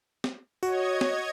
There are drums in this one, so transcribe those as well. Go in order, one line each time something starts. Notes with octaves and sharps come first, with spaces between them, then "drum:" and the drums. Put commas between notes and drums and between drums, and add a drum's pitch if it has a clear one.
drum: snare
F#4 C#5 D#5 G#6, drum: tambourine
drum: snare